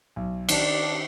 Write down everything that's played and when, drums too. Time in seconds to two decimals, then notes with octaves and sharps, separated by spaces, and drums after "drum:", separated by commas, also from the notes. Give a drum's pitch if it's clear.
0.16 B1
0.49 D#3 D4 D#4, drum: cymbal